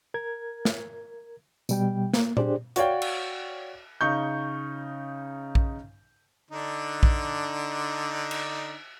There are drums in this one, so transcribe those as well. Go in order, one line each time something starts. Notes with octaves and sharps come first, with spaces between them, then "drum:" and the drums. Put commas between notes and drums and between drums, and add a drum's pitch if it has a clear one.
A#4 G#6
drum: snare
B2 G3 G5, drum: tambourine
A#3, drum: snare
D4 G4 G#4 C5 D5, drum: tom A#2
F#4 C#5 D5 F5 G5, drum: hi-hat
drum: cymbal
C#3 D#4 C#6 G6
drum: kick A#1
D3 D4 D#4
drum: kick A#1
drum: cymbal